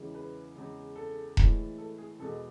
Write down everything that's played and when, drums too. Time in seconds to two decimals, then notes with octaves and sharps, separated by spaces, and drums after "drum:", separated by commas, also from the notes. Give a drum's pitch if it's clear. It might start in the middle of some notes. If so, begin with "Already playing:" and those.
Already playing: E2 C#3 E3 G#3
0.15 B4
0.55 E2 C#3 G#3
0.96 A4
1.37 A2 E3 G#3, drum: kick E1
1.78 A4
1.98 G#4
2.19 E2 B2 G#3 A4